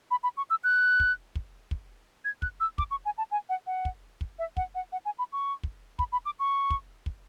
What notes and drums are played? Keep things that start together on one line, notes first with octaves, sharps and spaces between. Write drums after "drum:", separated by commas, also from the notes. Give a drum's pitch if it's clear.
B5
B5
C#6
E6
F#6
drum: kick
drum: kick
drum: kick
G#6
F#6, drum: kick
E6
D6, drum: kick
C#6
G#5
A5
G#5
F#5
F#5
drum: kick
drum: kick
E5
F#5, drum: kick
F#5
F#5
G#5
B5
C#6
drum: kick
B5, drum: kick
B5
D6
C#6
drum: kick
drum: kick